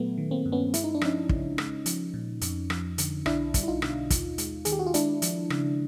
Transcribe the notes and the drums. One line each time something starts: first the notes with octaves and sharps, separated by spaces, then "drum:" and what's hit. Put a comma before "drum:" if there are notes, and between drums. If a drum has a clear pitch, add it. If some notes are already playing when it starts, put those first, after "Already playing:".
Already playing: A#2 F#3 A3 B3
D#3
A#3 C4
G2
B3 C#4
G#3 E4, drum: hi-hat
D#4
D4
F3 C#4 D#4, drum: rim click
C#3, drum: kick
G#3, drum: rim click
F3, drum: hi-hat
A#2
F2, drum: hi-hat
F3, drum: rim click
D3, drum: hi-hat
B1 D4 E4, drum: rim click
G3, drum: kick, hi-hat
E4
D#4 F4
B2, drum: rim click
D#2, drum: kick, hi-hat
G#3, drum: hi-hat
D#3 G#4, drum: hi-hat
G4
F#4
F4
G#3 D4 E4, drum: hi-hat
F3, drum: hi-hat
C#3, drum: rim click